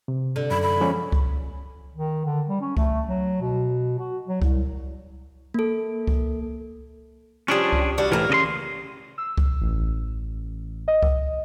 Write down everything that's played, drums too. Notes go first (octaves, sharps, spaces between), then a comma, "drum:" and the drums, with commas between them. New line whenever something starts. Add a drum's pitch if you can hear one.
C3
D3
F#2 B5
B5
F3 G#3 C#4
drum: kick C#2
D#3
D3
G3
C#4
A3, drum: kick C#2
F#3
B2
F#4
F#3
C2, drum: kick C#2
A#3 A4
drum: kick C#2
F3 G3 C#4 D4 G#4
drum: kick C#2
G3 D4 F#4
A2 E3 A#3 A#4
C#3 D#5 C6
E6
drum: kick C#2
A1
D#5
drum: kick C#2